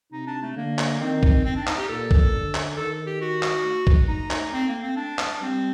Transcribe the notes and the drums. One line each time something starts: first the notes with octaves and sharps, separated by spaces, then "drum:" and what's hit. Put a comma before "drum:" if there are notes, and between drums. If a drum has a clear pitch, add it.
C3 D#4
D4
A3
D3 A#3
drum: clap
D#3 C4
drum: kick
C4
D4
D#4, drum: clap
G4
A#2 A4
drum: kick
D3
drum: clap
D#3 A4
G4
F#4
drum: clap
A3
drum: kick
D#4
drum: clap
C4
A#3
C4
D4
drum: clap
G3 C4